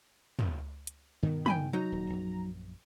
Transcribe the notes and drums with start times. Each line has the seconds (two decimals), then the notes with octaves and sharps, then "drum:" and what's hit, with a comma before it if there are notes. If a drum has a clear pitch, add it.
0.39 drum: tom
0.87 drum: hi-hat
1.23 G2 B2 D#3 B3
1.46 G5 G#5 B5, drum: tom
1.73 F#3 D#4 A#5
1.92 D#1
2.10 A#1 F#2